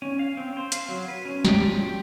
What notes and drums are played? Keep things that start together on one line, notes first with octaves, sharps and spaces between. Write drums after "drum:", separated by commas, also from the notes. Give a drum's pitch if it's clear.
C#4
F5
C4
C5
F5, drum: hi-hat
F#3
B4
C#4
G4, drum: snare
F3
G4